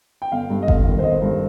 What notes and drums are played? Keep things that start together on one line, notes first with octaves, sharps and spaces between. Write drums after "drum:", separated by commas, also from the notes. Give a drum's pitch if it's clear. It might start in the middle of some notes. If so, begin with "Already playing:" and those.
G5
G1 F5
G2
D#5
G1 F5, drum: kick G1
D#3
C5
G1 D#5
G2